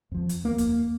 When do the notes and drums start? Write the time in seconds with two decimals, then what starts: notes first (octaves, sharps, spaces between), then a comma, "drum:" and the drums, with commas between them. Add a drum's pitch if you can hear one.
0.12 F2 F3
0.29 drum: hi-hat
0.44 D#2 A#3
0.58 drum: kick, hi-hat